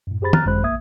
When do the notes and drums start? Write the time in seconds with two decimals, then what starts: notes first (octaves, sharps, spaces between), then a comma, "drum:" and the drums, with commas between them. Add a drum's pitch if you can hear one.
0.07 F#2 A2
0.21 F#2 G4 G#4 C5 B5 A6
0.33 A#5 F6 F#6 A6, drum: tom D#3
0.46 G#1 F#2 G#3 C5 B5 F#6
0.63 A#1 A#3 E5 D#6 G#6